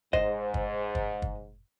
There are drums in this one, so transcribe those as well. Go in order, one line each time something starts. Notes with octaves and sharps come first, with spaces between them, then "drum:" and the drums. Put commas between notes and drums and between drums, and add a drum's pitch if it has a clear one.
G#2 C5 D#5, drum: kick
drum: kick
drum: kick
drum: kick